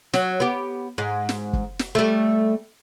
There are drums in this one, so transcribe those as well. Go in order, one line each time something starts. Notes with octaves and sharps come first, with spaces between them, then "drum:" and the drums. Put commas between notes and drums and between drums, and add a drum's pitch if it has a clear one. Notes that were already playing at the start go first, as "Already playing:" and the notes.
F#3, drum: snare
B3 G4
G#2
drum: snare
drum: kick
drum: snare
G3 A3